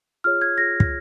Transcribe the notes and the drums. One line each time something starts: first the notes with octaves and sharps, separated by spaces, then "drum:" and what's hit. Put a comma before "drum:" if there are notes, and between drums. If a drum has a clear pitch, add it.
F4 G#4 C#5 F6
G#6
F4 G#4 C#5 A#6
drum: kick